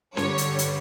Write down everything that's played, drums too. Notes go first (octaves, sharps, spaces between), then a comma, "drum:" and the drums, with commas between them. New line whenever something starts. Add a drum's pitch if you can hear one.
G2 D3 G3 C#5, drum: snare C#4
drum: hi-hat
drum: hi-hat